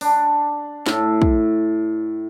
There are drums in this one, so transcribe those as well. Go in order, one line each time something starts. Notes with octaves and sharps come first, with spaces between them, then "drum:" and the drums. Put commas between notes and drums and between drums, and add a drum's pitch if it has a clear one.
D4, drum: open hi-hat
A2, drum: snare
drum: kick